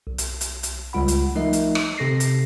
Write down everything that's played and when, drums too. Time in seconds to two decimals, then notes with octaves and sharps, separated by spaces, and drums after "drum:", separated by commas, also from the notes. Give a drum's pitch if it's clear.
0.07 B1
0.18 drum: hi-hat
0.41 drum: hi-hat
0.63 drum: hi-hat
0.93 C#2 G3 F4 F#5 B5
1.08 drum: hi-hat
1.35 F3 A3 D#4 A#4 D#5 E5
1.53 drum: hi-hat
1.75 drum: rim click
1.98 C3 A4 A#6 C7
2.20 drum: hi-hat